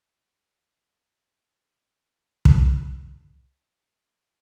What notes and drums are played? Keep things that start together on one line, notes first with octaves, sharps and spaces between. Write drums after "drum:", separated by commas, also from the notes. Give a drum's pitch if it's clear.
F#4
D3
F4
A2
drum: kick
D3 D#3 B3 E4
F#4